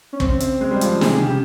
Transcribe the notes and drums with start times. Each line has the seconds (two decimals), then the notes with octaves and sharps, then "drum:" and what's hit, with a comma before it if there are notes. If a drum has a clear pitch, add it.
0.13 C#4
0.20 C#3 C4, drum: kick
0.40 drum: hi-hat
0.61 G#3
0.71 G3
0.81 F3, drum: hi-hat
0.91 C#3
1.01 C3 G#4, drum: snare
1.12 C3
1.22 C#3 G4